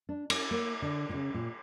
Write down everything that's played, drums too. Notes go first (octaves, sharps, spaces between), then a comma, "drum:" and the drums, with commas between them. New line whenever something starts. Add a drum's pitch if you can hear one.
D4
C#4, drum: cymbal
A#3
D3
A#2
C#3
A#2